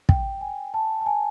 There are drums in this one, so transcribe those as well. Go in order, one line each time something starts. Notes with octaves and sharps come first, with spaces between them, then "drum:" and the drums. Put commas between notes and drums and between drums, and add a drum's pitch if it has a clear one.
G5, drum: kick
G#5
A5
A5
G#5